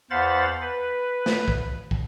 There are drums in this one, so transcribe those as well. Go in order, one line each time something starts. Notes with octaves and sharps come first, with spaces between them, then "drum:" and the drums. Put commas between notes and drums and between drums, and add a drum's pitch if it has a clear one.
E2 C5 F5 F#5 B5 A6
B4
drum: snare
drum: kick
drum: kick